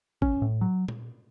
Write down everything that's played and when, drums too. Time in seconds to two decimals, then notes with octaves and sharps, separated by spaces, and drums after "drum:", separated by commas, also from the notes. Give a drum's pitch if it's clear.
0.22 C#4, drum: kick
0.42 A2
0.61 F#3
0.88 drum: tom A#2